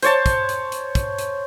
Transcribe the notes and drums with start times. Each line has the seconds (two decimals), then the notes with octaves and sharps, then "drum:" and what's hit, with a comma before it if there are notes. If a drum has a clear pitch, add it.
0.02 C5 C#5 A5, drum: hi-hat
0.26 drum: kick, hi-hat
0.49 drum: hi-hat
0.72 drum: hi-hat
0.95 drum: kick, hi-hat
1.18 drum: hi-hat